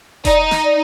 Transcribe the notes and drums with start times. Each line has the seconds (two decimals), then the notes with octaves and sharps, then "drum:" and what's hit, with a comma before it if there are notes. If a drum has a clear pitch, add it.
0.25 D#4 D5, drum: kick E1, hi-hat
0.51 drum: snare
0.64 D5